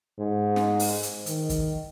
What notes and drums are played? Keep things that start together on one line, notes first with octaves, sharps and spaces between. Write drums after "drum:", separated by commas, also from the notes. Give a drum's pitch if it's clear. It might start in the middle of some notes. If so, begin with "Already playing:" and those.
G#2
drum: snare
drum: open hi-hat
drum: hi-hat
D#3, drum: hi-hat
drum: kick, hi-hat